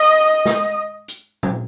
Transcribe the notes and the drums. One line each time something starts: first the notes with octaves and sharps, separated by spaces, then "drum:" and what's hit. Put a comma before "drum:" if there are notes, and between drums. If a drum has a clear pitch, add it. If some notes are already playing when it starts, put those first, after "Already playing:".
Already playing: D#5
drum: snare
drum: hi-hat
drum: tom A#2